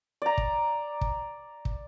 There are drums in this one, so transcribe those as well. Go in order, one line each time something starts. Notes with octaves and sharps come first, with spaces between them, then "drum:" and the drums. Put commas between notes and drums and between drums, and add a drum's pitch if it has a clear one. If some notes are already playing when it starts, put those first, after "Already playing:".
D5 A#5
drum: kick
drum: kick
drum: kick